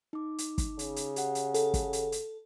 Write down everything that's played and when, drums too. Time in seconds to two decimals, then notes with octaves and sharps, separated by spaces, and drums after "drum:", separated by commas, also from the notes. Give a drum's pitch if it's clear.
0.13 D#4 D6
0.38 drum: hi-hat
0.58 drum: kick, hi-hat
0.79 C#3, drum: hi-hat
0.96 drum: hi-hat
1.16 G4 F#5, drum: hi-hat
1.35 drum: hi-hat
1.54 A4, drum: hi-hat
1.74 drum: kick, hi-hat
1.93 drum: hi-hat
2.12 drum: hi-hat